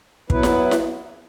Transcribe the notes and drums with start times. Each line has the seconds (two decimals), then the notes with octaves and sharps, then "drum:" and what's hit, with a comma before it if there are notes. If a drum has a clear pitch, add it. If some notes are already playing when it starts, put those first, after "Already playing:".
0.30 F#3 B3 E4 B4, drum: kick
0.43 drum: snare E4
0.71 drum: snare E4